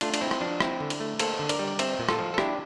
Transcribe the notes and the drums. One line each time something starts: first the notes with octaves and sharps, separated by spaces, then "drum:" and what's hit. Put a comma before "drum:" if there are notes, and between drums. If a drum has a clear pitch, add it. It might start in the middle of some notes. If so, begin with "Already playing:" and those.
A3 D4 F4, drum: cymbal
D4, drum: cymbal
C4 E4
drum: rim click
F3 D4
C4 E4, drum: rim click
D3
drum: cymbal
A3
A#3 A4 C5, drum: cymbal
D3
A#4 D5, drum: cymbal
G3
D5
C4 C5 E5, drum: cymbal
A#2
F4 A4, drum: rim click
F3
A4
D4 E4 G4, drum: rim click